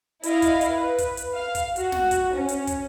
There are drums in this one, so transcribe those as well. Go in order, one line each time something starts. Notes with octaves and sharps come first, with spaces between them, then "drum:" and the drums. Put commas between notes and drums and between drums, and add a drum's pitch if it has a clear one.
E4 D#5 F5, drum: hi-hat
drum: kick, hi-hat
drum: hi-hat
B4
drum: kick, hi-hat
drum: hi-hat
F5
drum: kick, hi-hat
F#4, drum: hi-hat
drum: snare
drum: kick, hi-hat
C#4
drum: hi-hat
drum: kick, hi-hat